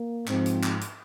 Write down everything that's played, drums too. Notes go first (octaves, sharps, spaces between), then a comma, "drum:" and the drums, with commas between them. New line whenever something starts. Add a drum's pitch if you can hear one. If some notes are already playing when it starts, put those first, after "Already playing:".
Already playing: A#3
G#2 F3 C4, drum: clap
drum: hi-hat
drum: clap
drum: hi-hat